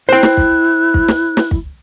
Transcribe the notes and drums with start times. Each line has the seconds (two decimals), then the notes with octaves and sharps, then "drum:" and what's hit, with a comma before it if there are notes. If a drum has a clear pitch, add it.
0.09 E4 C5 G5 F#6
0.23 drum: snare
0.37 drum: kick
0.94 drum: kick
1.08 drum: snare
1.37 drum: snare
1.51 drum: kick